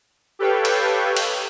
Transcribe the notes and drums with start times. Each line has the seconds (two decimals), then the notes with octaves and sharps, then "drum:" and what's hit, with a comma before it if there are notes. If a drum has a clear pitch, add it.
0.39 G4 A4 B4 C#5 F5 G5
0.65 drum: cymbal
1.17 drum: cymbal